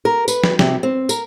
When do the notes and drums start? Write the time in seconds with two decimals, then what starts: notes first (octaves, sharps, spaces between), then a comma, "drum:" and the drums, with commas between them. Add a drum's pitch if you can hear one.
0.05 A#4
0.28 B4, drum: tambourine
0.44 drum: snare
0.59 C3, drum: snare
0.83 C4
1.09 A#4, drum: tambourine